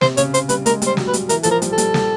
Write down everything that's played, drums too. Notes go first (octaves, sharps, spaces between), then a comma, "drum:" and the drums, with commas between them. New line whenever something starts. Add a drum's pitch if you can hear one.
C3 C5, drum: snare
C#3 C#5, drum: hi-hat
C5, drum: hi-hat
G3 B4, drum: hi-hat
G#3 A#4, drum: hi-hat
G3, drum: hi-hat
C5
F#3, drum: snare
B4
G3, drum: hi-hat
E3 A#4, drum: hi-hat
F3 A4, drum: hi-hat
A#4
G3, drum: hi-hat
A4
G3, drum: hi-hat
G3, drum: snare